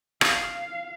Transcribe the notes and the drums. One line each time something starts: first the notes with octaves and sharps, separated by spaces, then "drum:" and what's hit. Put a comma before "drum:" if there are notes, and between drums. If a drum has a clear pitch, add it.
F5, drum: rim click